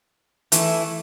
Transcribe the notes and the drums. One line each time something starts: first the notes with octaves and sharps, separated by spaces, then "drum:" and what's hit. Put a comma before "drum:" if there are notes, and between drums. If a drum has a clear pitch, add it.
E3 A3 E4, drum: hi-hat